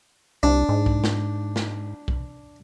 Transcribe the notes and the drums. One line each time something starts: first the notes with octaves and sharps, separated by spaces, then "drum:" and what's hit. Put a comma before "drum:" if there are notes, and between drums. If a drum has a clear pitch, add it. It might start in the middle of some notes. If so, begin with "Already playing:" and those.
C2 D4
G#2
drum: kick B1
drum: snare
drum: snare
drum: kick B1